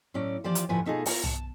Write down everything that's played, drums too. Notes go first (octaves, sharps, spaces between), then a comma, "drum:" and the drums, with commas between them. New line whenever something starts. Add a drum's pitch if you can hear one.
A2 F#3 C#4 D5
E3 F3 F4 G4 D5
drum: hi-hat
D2 A2 F3 B4 F#5 G#5
B2 A3 D#4 F4 G#4
F4 A#4, drum: open hi-hat
A5, drum: tom